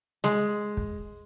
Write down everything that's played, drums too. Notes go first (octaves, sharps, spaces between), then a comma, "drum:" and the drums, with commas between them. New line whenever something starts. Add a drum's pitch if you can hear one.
G#3, drum: snare
drum: kick